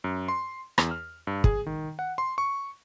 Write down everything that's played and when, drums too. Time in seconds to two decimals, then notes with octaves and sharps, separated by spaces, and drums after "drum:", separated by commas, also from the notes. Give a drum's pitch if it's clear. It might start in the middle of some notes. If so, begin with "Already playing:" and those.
0.04 F#2
0.28 C6
0.78 E2, drum: rim click
0.91 F6
1.27 G2
1.44 G#4, drum: kick
1.66 D#3
1.99 F#5
2.18 C6
2.38 C#6